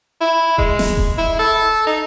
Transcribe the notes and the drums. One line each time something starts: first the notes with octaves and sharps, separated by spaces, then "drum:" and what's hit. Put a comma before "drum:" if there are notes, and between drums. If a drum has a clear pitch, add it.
E4
G#3, drum: kick D#1
drum: snare
drum: kick D#1
E4
A4
D#4